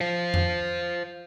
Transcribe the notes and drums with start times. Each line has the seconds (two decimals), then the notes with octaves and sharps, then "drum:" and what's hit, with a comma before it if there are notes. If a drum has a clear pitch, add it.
0.01 C5 F5
0.34 drum: tom F2